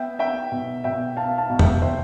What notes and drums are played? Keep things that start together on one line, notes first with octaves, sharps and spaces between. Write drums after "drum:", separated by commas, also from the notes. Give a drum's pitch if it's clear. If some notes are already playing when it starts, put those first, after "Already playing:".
Already playing: B3 E5 G5
B3 E5 G5
B2
B2 E5 G5
B3 F5 A5
F5 A5
B2
E5 G5, drum: tom E2
B2 C5 E5